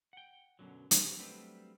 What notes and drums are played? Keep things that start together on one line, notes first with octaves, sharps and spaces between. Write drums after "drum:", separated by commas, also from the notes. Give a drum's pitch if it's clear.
F#5 G5
F#2 B2 D3 F#3
F#4 G4 A#4 C5 D#5, drum: hi-hat
F#3 G3 A3 C4 D4 B4